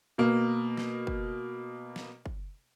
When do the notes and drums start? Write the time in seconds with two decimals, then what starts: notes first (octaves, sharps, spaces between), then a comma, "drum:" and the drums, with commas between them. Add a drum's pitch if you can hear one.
0.18 B2 A#3
0.77 drum: snare
1.07 drum: kick
1.96 drum: snare
2.26 drum: kick